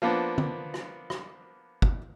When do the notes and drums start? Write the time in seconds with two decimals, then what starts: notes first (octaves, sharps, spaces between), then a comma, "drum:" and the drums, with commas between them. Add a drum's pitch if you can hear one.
0.02 F3 A#3 B3 D4
0.38 drum: tom D3
0.74 drum: rim click
1.10 drum: rim click
1.82 drum: kick